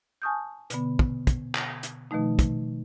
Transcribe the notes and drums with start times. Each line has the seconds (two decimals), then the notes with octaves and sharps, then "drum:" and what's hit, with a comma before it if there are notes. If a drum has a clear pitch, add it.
0.22 G#5 A5 C#6 D#6 F6 G6
0.70 B2 D3 B3, drum: hi-hat
0.99 drum: kick
1.27 drum: kick, hi-hat
1.55 drum: clap
1.83 drum: hi-hat
2.11 B2 D#3 F3 A3 D#4
2.39 drum: kick, hi-hat